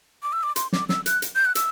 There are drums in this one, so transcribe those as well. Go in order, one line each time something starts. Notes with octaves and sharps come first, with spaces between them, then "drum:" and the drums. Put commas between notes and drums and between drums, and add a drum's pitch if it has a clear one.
D6
E6
D6
C6, drum: hi-hat
D6, drum: snare
E6, drum: snare
F#6, drum: hi-hat
drum: hi-hat
G6
F#6
E6, drum: hi-hat